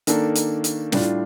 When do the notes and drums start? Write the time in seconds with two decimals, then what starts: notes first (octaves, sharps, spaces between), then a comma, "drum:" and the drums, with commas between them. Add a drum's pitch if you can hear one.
0.07 D#3 A#3 D4 A4, drum: hi-hat
0.35 drum: hi-hat
0.64 drum: hi-hat
0.92 A2 G3 D4 F4, drum: snare